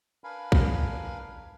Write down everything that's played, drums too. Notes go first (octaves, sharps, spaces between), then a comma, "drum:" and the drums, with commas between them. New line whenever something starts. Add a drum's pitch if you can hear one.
D4 A#4 B4 F5 G#5 B5
drum: kick